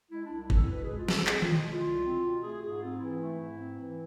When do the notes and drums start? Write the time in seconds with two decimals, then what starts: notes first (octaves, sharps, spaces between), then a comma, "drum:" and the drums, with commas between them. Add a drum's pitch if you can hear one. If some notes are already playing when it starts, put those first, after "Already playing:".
0.11 G#3 E4
0.25 D4
0.31 C2
0.41 E4
0.50 C4 A4, drum: kick G1
0.69 B2 B4
0.84 G#3 G#4
0.98 F4
1.08 C2 A4, drum: snare
1.27 C4 G#4, drum: clap
1.42 B2 F4, drum: tom D3
1.56 E4
1.66 G#3
1.71 F4
1.85 C2
2.05 C4
2.24 B2
2.42 A3 G#4
2.62 G#2 G#4
2.82 C4 F4
3.00 E3 E4
3.20 A3
3.40 G#2
3.58 C4
3.78 E3